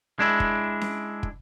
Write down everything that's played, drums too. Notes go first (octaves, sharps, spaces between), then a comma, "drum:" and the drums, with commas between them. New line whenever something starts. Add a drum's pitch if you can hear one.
G#3 D4 E4
drum: kick
drum: snare C#4
drum: kick